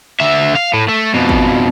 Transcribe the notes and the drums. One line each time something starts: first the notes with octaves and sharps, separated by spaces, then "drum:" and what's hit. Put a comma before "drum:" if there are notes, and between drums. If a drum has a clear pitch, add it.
D3 E5
F5
A2
A3
F2 B2
drum: kick G#1